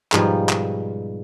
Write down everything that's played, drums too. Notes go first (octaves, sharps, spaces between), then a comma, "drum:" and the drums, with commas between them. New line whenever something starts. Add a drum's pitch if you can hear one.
G#2 B2 F3 G3, drum: clap
drum: clap